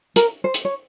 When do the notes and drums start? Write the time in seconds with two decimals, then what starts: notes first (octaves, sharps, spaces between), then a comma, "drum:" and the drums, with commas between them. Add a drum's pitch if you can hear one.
0.16 A#4, drum: hi-hat
0.44 C5
0.54 drum: hi-hat
0.65 C#5